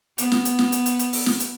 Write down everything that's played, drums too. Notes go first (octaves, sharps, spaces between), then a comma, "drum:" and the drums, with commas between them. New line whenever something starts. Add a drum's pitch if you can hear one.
B3, drum: hi-hat
drum: snare
drum: hi-hat
drum: snare
drum: hi-hat
drum: hi-hat
drum: hi-hat
drum: open hi-hat
drum: snare
drum: hi-hat